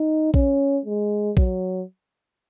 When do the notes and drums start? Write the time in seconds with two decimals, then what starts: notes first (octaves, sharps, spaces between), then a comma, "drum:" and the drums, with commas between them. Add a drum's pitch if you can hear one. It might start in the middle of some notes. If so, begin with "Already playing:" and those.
Already playing: D#4
0.34 C#4, drum: kick A#1
0.85 G#3
1.37 F#3, drum: kick A#1